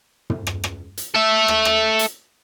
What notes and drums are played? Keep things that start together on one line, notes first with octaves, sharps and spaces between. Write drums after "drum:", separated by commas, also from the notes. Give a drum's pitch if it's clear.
drum: tom
drum: rim click
drum: rim click
drum: hi-hat
A4 E5
drum: rim click
drum: rim click
drum: hi-hat